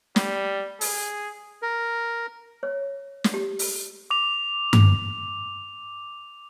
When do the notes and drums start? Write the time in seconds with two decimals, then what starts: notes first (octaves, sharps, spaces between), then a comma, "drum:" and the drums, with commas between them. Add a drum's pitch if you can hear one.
0.16 G3, drum: snare
0.81 G#4, drum: open hi-hat
1.62 A#4
2.63 C#5
3.24 drum: snare
3.34 G4
3.59 drum: open hi-hat
4.11 D6 F7
4.73 drum: tom G2